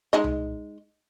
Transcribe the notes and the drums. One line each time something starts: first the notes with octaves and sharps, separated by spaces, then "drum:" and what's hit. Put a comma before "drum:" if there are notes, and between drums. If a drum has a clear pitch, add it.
G#3 D#4 D#5
drum: tom C2